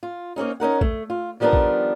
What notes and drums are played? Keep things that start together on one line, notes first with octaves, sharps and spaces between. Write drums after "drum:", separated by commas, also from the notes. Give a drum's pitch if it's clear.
F4
A#3 C4 C#4 D#4
C#4 D#4 A#4 F#5
A3, drum: kick
F4
D#3 F3 G3 B3 D4 A#4
drum: kick